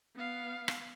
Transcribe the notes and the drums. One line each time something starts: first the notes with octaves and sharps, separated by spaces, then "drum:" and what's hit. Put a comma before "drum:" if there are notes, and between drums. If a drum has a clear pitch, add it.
B3 F5
drum: rim click